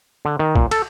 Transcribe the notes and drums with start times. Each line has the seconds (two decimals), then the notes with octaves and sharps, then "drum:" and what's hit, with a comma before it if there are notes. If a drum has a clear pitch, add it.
0.25 D3
0.39 D#3
0.56 A#2, drum: kick
0.71 A4, drum: cymbal